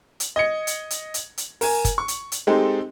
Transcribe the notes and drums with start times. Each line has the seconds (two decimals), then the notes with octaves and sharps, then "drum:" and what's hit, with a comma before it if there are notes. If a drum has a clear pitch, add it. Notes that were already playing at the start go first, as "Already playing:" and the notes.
0.20 drum: hi-hat
0.36 D#5 G#6 C#7
0.67 drum: hi-hat
0.90 drum: hi-hat
1.14 drum: hi-hat
1.38 drum: hi-hat
1.61 A#4 G#5, drum: open hi-hat
1.85 drum: kick, hi-hat
1.98 C#6
2.08 drum: hi-hat
2.32 drum: hi-hat
2.47 G#3 C4 D#4 G4 A4